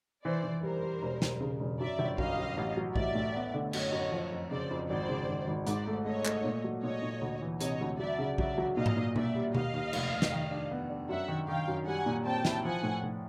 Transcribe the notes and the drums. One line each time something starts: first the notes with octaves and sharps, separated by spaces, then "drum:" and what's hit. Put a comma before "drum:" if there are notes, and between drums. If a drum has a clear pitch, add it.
E3 C5 D5
E3
G3 A#4 C5
G3
E1
E1, drum: snare
C#3
E1
F#2 D5 E5
G1
F#2 D#5 F5, drum: kick A#1
F#2
A1
F#3
A1 D5 E5, drum: kick A#1
A2
B3
D3
F#2 C#5 D#5, drum: cymbal
F#2
F3
F2
C#3 C5 D5
F2
G#1 C5 D5
C#3
G#1
G#1
G#2 C5 D5, drum: hi-hat
A3
A3 C#5 D#5
A3, drum: clap
A#2
F#3
A#2 C#5 D#5
A#2
D2
E3
C3 C#5 D#5, drum: hi-hat
D2
F#3 D5 E5
C#3
F#3 D5 E5, drum: kick A#1
F#3
A#2 D#5 F5
drum: tom G#2
A#2
A#2 D5 E5, drum: tom B2
G3
D#2 D#5 F5, drum: tom B2
D#2
F1, drum: cymbal
F1
drum: snare
D#3
D4
B3
D4
F#2 E5 F#5
D#3
D#3 F5 G5
F#2
G3 F#5 G#5
A#2
C4 G5 A5
E4, drum: snare
F3 F#5 G#5
A2
A2